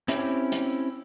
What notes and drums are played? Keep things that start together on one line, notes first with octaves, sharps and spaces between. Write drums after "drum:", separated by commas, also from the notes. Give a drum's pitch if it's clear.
C4 C#4 E4 G4, drum: hi-hat
drum: hi-hat